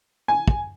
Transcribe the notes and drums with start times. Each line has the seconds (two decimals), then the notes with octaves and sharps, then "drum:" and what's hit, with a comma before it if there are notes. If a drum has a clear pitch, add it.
0.28 G#5
0.48 drum: kick